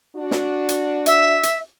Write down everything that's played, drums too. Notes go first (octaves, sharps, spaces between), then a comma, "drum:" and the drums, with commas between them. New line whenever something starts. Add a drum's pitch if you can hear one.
D4 F#4
drum: snare
drum: hi-hat
E5, drum: hi-hat
drum: hi-hat